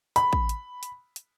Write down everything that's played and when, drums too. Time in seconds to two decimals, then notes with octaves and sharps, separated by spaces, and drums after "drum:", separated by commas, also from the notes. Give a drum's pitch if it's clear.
0.16 B5, drum: hi-hat
0.33 drum: kick
0.49 drum: hi-hat
0.83 drum: hi-hat
1.16 drum: hi-hat